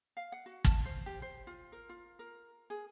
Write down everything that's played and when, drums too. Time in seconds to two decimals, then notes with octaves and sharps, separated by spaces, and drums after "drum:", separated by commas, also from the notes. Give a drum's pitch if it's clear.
0.17 F5
0.32 F#5
0.46 F#4
0.64 A5, drum: kick
0.85 C5
1.06 G4
1.22 C5
1.47 F4
1.72 A#4
1.89 F4
2.19 A#4
2.70 G#4